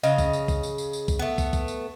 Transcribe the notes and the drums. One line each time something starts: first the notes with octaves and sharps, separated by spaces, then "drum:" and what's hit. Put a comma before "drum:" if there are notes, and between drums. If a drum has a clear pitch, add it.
C#3 D#5 F5, drum: tambourine
drum: kick, tambourine
drum: tambourine
drum: kick, tambourine
drum: tambourine
drum: tambourine
drum: tambourine
drum: kick, tambourine
A3 B3
drum: kick, tambourine
drum: kick, tambourine
drum: tambourine